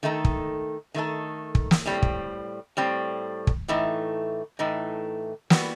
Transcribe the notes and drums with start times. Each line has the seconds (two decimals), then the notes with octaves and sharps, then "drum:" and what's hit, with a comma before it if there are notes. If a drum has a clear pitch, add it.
0.03 D#3 A3 D#4 A4
0.25 drum: kick
0.94 D#3 A3 D#4 A4
1.55 drum: kick
1.71 drum: snare
1.86 A2 G3 C4
2.02 drum: kick
2.77 A2 G3 C4
3.47 drum: kick
3.68 A2 E3 A3 D#4
4.59 A2 E3 A3 D#4
5.50 E3 G3 B3 F#4, drum: snare